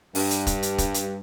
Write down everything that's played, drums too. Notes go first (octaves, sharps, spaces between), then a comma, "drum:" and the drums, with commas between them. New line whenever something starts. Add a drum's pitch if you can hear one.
G2, drum: open hi-hat
drum: hi-hat
drum: kick, hi-hat
drum: hi-hat
drum: kick, hi-hat
drum: hi-hat